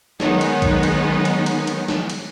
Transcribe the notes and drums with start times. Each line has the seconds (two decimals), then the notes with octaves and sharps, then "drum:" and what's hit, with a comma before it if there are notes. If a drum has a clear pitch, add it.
0.20 D#3 F#3 G#3 B3 C#4 D#4, drum: snare
0.41 drum: cymbal
0.62 drum: kick A1, cymbal
0.83 drum: cymbal
1.25 drum: cymbal
1.46 drum: cymbal
1.67 drum: cymbal
1.88 drum: snare
2.10 drum: cymbal